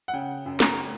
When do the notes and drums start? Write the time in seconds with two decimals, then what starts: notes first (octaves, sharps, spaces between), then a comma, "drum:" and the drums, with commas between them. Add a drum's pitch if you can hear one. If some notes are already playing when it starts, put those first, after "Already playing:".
0.08 F#5
0.13 C#3 G5
0.46 F#2
0.60 A#5, drum: snare